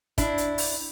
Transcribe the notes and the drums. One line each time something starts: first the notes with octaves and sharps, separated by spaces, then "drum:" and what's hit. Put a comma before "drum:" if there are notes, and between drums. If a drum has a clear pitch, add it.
D4 E4, drum: kick, hi-hat
drum: hi-hat
drum: open hi-hat